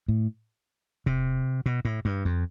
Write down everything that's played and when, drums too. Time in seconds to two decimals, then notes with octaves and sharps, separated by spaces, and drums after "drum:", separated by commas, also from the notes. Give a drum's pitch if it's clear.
0.08 A2
1.06 C3, drum: kick E1
1.66 B2
1.85 A2
2.05 G2
2.25 F2